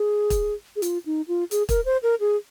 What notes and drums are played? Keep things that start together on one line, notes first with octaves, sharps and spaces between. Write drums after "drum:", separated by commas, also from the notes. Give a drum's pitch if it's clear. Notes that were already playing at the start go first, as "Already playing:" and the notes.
Already playing: G#4
drum: kick, hi-hat
G#4
F4, drum: hi-hat
D#4
F4
G#4, drum: hi-hat
A#4, drum: kick, hi-hat
C5
A#4
G#4